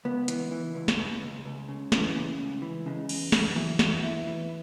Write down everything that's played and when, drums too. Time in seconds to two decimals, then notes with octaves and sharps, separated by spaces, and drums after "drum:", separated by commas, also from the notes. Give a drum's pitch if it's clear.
0.05 C#2 B3
0.28 E3, drum: hi-hat
0.51 E3
0.75 C#2
0.88 drum: snare
0.98 C#2
1.22 C#2
1.45 C#2
1.69 C#3
1.92 E3, drum: snare
2.15 C#3
2.39 C#2
2.62 E3
2.86 C#3 G#3
3.09 E2, drum: cymbal
3.32 E2, drum: snare
3.56 E3 F#3
3.79 E2 F#4, drum: snare
4.03 E2 E4
4.27 E3